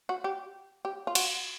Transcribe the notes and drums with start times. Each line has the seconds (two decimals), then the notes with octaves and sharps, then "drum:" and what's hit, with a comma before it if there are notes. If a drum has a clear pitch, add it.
0.09 F#4
0.24 G4
0.85 G4
1.07 F4
1.15 F#4, drum: cymbal